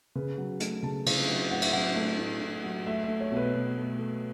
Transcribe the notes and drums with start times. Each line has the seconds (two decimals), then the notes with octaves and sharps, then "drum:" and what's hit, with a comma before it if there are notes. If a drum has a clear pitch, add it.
0.15 C#3 B4
0.38 F#3
0.60 A3, drum: hi-hat
0.83 C#3 A5
1.06 C#3, drum: cymbal
1.29 F#3
1.51 A2 F#5
1.62 E5, drum: cymbal
1.72 F#3 F#5
1.96 A3
2.18 A2
2.41 A2
2.64 F#3
2.86 A3 E5
3.04 A3 E5
3.21 C#5
3.32 B2 B4
3.54 B2
3.77 A3
3.98 A3